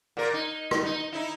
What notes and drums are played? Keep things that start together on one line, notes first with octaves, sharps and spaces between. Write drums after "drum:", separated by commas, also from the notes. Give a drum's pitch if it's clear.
A#2 A#4
D#4
drum: rim click
D#4
D#4 E4